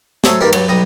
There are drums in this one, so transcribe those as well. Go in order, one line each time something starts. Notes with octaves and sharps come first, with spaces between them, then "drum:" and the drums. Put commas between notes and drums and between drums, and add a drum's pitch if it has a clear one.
F#3 A3 G#4 A4 C5 C#5, drum: snare
G2 D#3 G3 A#3 G4 A#4
G2 F#3, drum: cymbal
B1 G3 A#5 D#6